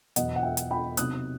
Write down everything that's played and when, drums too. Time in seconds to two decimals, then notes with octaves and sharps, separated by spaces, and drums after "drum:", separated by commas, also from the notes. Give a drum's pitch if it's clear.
0.16 E2 B2 F#3 B3 D#5 F#5, drum: hi-hat
0.36 F#5
0.43 E5 G5
0.57 drum: hi-hat
0.71 G5 B5
0.97 C3 F#3 B3 D#4 D#6 F#6, drum: hi-hat